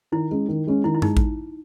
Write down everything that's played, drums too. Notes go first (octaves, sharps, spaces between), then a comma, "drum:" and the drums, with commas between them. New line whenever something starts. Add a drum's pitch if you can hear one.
D#3 E4
G#3 C#4
D#3
G#3 C#4
D#3 E4
E4
G#3 D#4, drum: tom G2
drum: kick A1